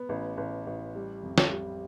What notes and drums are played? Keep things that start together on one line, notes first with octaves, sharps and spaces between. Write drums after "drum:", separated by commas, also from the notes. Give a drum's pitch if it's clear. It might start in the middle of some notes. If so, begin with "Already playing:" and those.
Already playing: B3
A1
A1
A1
G3
F2
drum: snare
G3